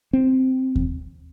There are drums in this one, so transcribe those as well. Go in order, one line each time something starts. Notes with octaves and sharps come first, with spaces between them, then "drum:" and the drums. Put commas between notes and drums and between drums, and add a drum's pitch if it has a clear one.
C4
drum: kick D#2